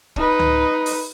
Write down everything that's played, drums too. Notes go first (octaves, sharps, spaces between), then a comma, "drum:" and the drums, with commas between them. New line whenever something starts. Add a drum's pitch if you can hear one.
D#4 B4, drum: kick
drum: tom C#2
drum: open hi-hat